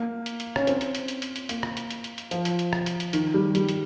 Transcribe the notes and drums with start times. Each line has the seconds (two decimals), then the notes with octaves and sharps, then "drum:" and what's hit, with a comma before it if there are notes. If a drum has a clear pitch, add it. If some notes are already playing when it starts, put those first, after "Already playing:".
Already playing: A#3
0.26 drum: hi-hat
0.40 drum: hi-hat
0.56 C#4, drum: rim click
0.67 C4, drum: hi-hat
0.81 drum: hi-hat
0.95 drum: hi-hat
1.08 drum: hi-hat
1.22 drum: hi-hat
1.36 drum: hi-hat
1.49 A#3, drum: hi-hat
1.63 drum: rim click
1.77 drum: hi-hat
1.90 drum: hi-hat
2.04 drum: hi-hat
2.18 drum: hi-hat
2.31 F3, drum: hi-hat
2.45 drum: hi-hat
2.59 drum: hi-hat
2.73 drum: rim click
2.86 drum: hi-hat
3.00 drum: hi-hat
3.13 D#3, drum: hi-hat
3.34 G3
3.55 G3, drum: hi-hat
3.69 drum: hi-hat